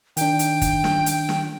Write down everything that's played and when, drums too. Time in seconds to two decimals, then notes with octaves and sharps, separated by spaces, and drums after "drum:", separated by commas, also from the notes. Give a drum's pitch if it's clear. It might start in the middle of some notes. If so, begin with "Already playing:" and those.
0.17 D#3 D4 G5, drum: hi-hat
0.39 drum: hi-hat
0.61 drum: kick, hi-hat
0.84 drum: snare
1.06 drum: hi-hat
1.29 drum: snare